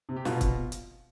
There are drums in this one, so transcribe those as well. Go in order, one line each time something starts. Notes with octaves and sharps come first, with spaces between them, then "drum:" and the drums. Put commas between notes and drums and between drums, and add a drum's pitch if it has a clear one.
C3
G4
B2 F4, drum: snare
B2, drum: kick, hi-hat
drum: hi-hat